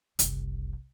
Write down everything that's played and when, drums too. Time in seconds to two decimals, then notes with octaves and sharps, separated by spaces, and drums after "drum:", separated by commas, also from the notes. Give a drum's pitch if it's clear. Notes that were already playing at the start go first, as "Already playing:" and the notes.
0.19 F#1 C2, drum: hi-hat